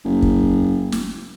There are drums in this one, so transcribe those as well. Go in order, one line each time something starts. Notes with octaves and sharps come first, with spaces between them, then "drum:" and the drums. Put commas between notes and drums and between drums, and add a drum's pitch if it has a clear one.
F#1
drum: kick
drum: snare